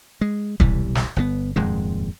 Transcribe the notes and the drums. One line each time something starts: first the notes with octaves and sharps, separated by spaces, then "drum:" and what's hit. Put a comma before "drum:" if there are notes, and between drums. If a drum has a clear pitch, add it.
G#3
B1 C3 E3 G3, drum: kick
drum: snare
G1 B2 B3
D#1 F2 G#2 G#3